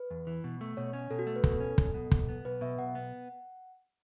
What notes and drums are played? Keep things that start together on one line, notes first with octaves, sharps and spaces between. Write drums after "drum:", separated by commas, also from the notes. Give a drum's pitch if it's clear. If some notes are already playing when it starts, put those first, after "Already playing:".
Already playing: B4
E2
E3
B2
A3
B2 C#5
C#4
B2 A4
F#4
A3
B4
B2 A4, drum: kick
C#4
B1, drum: kick
B2
B1, drum: kick
B3
B1 B4
B2 E5
B1 F#5
B3